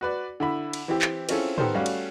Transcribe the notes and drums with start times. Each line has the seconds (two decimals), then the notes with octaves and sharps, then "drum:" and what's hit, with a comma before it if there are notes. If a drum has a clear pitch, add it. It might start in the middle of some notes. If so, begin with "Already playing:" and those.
0.01 F#4 B4 D5
0.40 D3 E4 B5
0.73 drum: cymbal
0.88 E3 C4 E4 G4
1.02 drum: clap
1.29 C4 C#4 E4 F4 G#4 A4, drum: cymbal
1.58 D#3 B3 G4 A4 A#4 C5, drum: tom
1.74 G3 A3 C#4 F#4 F5
1.86 drum: cymbal